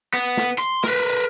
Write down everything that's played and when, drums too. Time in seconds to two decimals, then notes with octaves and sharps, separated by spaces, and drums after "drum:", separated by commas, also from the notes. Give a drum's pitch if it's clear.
0.14 B3, drum: hi-hat
0.37 drum: snare
0.58 C6, drum: hi-hat
0.84 A#4 B4, drum: snare
1.09 drum: hi-hat